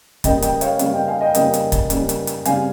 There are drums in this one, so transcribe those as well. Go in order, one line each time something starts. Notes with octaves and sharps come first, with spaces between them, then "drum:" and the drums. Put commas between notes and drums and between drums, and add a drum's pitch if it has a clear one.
C#3 G3 A#3 C#4 D#5 G5, drum: kick, hi-hat
D#5 G5, drum: hi-hat
C#5 F5, drum: hi-hat
C#3 G3 A#3 C#4 C#5 F5, drum: hi-hat
D#5 G5
F5 G#5
D#5 G5
C#3 G3 A#3 C#4 D#5 G5, drum: hi-hat
drum: hi-hat
drum: kick, hi-hat
C#3 G3 A#3 C#4, drum: hi-hat
drum: hi-hat
drum: hi-hat
C#3 G3 C4 F5 G#5, drum: hi-hat